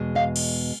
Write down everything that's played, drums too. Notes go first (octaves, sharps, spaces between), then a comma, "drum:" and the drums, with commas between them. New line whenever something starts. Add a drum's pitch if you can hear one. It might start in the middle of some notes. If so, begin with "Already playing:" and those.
Already playing: E2 B2 G#3
D#5 F5
drum: cymbal